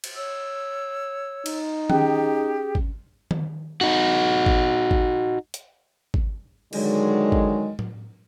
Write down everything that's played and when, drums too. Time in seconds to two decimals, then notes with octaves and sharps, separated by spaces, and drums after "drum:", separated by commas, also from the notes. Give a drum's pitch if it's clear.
0.04 drum: cymbal
0.16 C#5 E6
1.46 D#4, drum: cymbal
1.90 C#4 G4 G#4, drum: tom D#3
2.75 drum: kick
3.31 drum: tom D#3
3.81 D#4 F#4
4.46 drum: kick
4.91 drum: kick
5.54 drum: hi-hat
6.14 drum: kick
6.73 D3 D#3 F#3 G#3, drum: cymbal
7.32 drum: kick
7.79 drum: tom A2